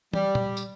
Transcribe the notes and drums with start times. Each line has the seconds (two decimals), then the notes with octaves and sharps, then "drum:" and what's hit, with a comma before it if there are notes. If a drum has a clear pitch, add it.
0.13 G3, drum: tom
0.35 drum: tom
0.57 drum: tambourine